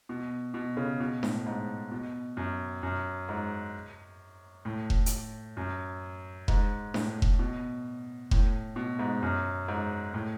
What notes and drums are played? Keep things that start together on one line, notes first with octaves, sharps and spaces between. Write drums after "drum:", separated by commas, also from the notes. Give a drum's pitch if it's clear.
B2
B2
C#3
B2
A2, drum: snare D4
G#2
B2
F#2
F#2
G#2
A2
drum: kick F1
drum: hi-hat
F#2
G#2, drum: kick F1
A2, drum: snare D4
drum: kick F1
B2
A2, drum: kick F1
B2
G#2
F#2
G#2
A2